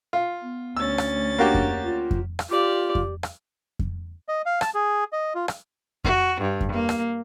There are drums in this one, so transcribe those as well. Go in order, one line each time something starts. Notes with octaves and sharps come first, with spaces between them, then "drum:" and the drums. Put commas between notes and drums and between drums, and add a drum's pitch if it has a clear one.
F4
B3
D2 C#4 E6 A6
drum: rim click
A3
A#3 D4 F#4 G4
drum: kick F2
F4
drum: kick F2
drum: rim click
F4 G4 D5
drum: kick F2
drum: rim click
drum: kick F2
D#5
F5
A5, drum: rim click
G#4
D#5
F4
drum: rim click
F#4, drum: kick F2
G2
drum: kick F2
A#3
drum: rim click